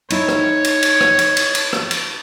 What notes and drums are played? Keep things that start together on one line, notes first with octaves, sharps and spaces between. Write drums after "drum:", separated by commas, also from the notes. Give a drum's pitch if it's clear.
D#4 E4 C#5, drum: cymbal
drum: rim click
drum: cymbal
drum: cymbal
drum: rim click
drum: cymbal
drum: cymbal
drum: cymbal
drum: rim click
drum: cymbal